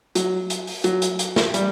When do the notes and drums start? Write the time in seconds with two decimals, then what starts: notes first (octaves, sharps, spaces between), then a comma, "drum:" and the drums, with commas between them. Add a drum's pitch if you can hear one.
0.15 F#3, drum: hi-hat
0.50 drum: hi-hat
0.67 drum: open hi-hat
0.84 F#3, drum: hi-hat
1.02 drum: hi-hat
1.19 drum: hi-hat
1.36 drum: snare
1.54 G3, drum: hi-hat